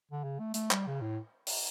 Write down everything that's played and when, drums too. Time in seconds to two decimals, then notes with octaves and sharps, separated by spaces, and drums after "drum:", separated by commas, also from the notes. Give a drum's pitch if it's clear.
0.11 D3
0.24 C#3
0.39 A3
0.54 A3, drum: hi-hat
0.71 G3, drum: clap
0.87 C#3
1.01 A2
1.47 drum: open hi-hat